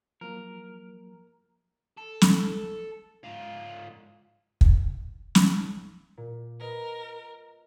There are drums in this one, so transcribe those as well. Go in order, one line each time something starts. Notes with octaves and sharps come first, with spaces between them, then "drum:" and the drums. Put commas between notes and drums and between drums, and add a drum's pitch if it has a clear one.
F3 F#3 A#3 A#4
A4
drum: snare
G#2 F4
drum: kick
drum: snare
A#2
A#4 B4 D#5